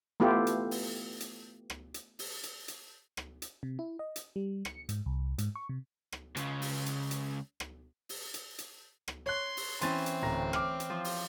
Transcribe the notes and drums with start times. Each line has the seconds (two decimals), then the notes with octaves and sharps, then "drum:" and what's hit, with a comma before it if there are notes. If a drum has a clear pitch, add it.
0.20 A3 B3 E4 F4 G4
0.47 drum: hi-hat
0.71 drum: open hi-hat
1.20 drum: hi-hat
1.70 drum: rim click
1.94 drum: hi-hat
2.19 drum: open hi-hat
2.43 drum: hi-hat
2.68 drum: hi-hat
3.17 drum: rim click
3.42 drum: hi-hat
3.63 C3
3.79 E4
3.99 D#5
4.16 drum: hi-hat
4.36 G3
4.65 C#7, drum: rim click
4.89 G#2, drum: hi-hat
5.06 C2
5.38 G#2, drum: hi-hat
5.56 C#6
5.69 C3
6.12 drum: rim click
6.37 C#2 C#3, drum: hi-hat
6.62 drum: open hi-hat
6.86 drum: hi-hat
7.11 drum: hi-hat
7.60 drum: rim click
8.09 drum: open hi-hat
8.34 drum: hi-hat
8.58 drum: hi-hat
9.08 drum: rim click
9.26 C#5 C6 F#6
9.57 drum: open hi-hat
9.81 E3 C4 C#4 C6 A6, drum: hi-hat
10.06 drum: hi-hat
10.23 D1 A#5 A#6
10.53 D6 F6, drum: rim click
10.80 drum: hi-hat
10.90 F3
11.04 drum: open hi-hat